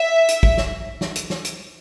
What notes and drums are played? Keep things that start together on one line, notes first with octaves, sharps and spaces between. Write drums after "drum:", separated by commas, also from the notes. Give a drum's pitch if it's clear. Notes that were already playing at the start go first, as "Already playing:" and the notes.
Already playing: E5
drum: hi-hat
drum: kick
drum: snare
drum: snare
drum: hi-hat
drum: snare
drum: hi-hat